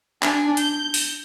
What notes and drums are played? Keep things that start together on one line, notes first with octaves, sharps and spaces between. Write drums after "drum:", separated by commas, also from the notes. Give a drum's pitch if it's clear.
D4 G#5, drum: clap
G6, drum: hi-hat
drum: open hi-hat